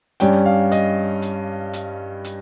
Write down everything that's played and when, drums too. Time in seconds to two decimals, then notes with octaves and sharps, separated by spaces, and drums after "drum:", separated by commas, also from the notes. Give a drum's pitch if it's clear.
0.20 G2 G3 C#4 G5, drum: hi-hat
0.46 F5
0.72 D#5, drum: hi-hat
1.22 drum: hi-hat
1.73 drum: hi-hat
2.24 drum: hi-hat